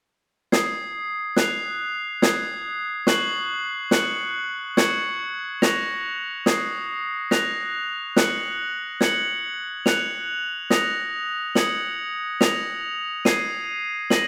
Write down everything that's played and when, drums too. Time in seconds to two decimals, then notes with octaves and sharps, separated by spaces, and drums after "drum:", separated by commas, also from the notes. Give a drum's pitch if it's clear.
0.52 D#6 G#6 C7, drum: snare
1.36 F#6 C7 F7, drum: snare
2.22 D#6 G#6 C7, drum: snare
3.07 C#6 F#6 C7 F#7, drum: snare
3.91 C#6 F#6 C#7 F#7, drum: snare
4.77 C#6 G#6 C#7 F#7, drum: snare
5.62 C#6 F#6 A#6 F7, drum: snare
6.46 D#6 G#6 C7, drum: snare
7.31 F#6 A#6 F7, drum: snare
8.16 F#6 C#7 F#7, drum: snare
9.01 G#6 C#7 F#7, drum: snare
9.86 F#6 C#7 F7, drum: snare
10.70 D#6 A#6 C#7 F7, drum: snare
11.55 D#6 G#6 C#7 F#7, drum: snare
12.41 D#6 A#6 F7, drum: snare
13.25 D#6 G#6 C7 D#7, drum: snare
14.10 A#6 D#7 F#7, drum: snare